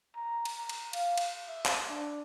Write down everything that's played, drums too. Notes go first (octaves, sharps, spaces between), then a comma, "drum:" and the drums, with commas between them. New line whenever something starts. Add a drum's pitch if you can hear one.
A#5
drum: cymbal
A#5
drum: cymbal
F5, drum: cymbal
drum: cymbal
E5
drum: clap
D4